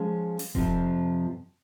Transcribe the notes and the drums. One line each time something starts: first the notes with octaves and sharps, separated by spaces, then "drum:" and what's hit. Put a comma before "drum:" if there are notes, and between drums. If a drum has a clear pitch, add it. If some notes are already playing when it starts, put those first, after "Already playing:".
Already playing: F3 G#3 C#4 G#4
drum: open hi-hat
F2 C3 F3 C4, drum: kick E1